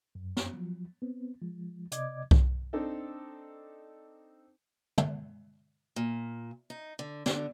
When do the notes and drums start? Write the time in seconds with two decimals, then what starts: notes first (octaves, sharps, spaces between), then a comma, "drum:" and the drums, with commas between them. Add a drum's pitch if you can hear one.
0.15 F#2
0.37 drum: snare
0.53 F3 F#3
1.02 B3 C4
1.42 F3 G#3
1.91 C3 D5 D#5 D6 G#6, drum: hi-hat
2.31 drum: kick B1
2.73 C4 D4 D#4 A4
4.98 drum: tom
5.96 A#2
6.70 D#4
6.99 D3
7.26 D3, drum: snare